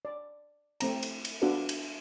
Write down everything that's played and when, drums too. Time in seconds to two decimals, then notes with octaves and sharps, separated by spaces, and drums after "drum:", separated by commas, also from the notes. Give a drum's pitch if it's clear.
0.05 D5
0.81 A3 C4 A#5, drum: cymbal
1.03 drum: cymbal
1.25 drum: cymbal
1.42 B3 D4 F4 F#4 A4 B4
1.69 drum: cymbal